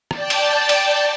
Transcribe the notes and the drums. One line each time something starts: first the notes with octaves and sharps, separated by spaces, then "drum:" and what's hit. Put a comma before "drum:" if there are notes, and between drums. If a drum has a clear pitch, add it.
D5 G5 A5, drum: rim click
drum: cymbal
drum: cymbal